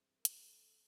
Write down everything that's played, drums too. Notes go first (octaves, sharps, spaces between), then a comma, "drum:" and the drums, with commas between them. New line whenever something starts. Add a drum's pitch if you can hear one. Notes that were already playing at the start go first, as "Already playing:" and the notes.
Already playing: G2 E3 G#3 C4
A#4
A4, drum: hi-hat